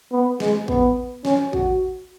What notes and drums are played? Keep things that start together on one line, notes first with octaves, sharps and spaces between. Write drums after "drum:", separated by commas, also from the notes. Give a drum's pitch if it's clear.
B3
G#3, drum: snare
B3, drum: kick
C#4, drum: snare
F#4, drum: kick